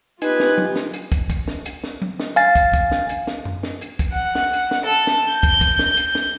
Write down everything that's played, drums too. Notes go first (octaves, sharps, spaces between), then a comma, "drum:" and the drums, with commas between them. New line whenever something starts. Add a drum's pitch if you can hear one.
B3 D#4 F4 G4 B4 G#5, drum: hi-hat
drum: snare
drum: tom F#3
drum: snare
drum: hi-hat
drum: kick, hi-hat
drum: kick, hi-hat
drum: snare
drum: hi-hat
drum: snare
drum: tom F#3
drum: snare
F5 G#5 A6, drum: hi-hat
drum: kick, hi-hat
drum: kick, hi-hat
drum: snare
drum: hi-hat
drum: snare
drum: tom F#2
drum: snare
drum: hi-hat
drum: kick, hi-hat
F#5
drum: snare
drum: hi-hat
drum: snare
A4
drum: snare
G6
drum: kick, hi-hat
drum: kick, hi-hat
drum: snare
drum: hi-hat
drum: snare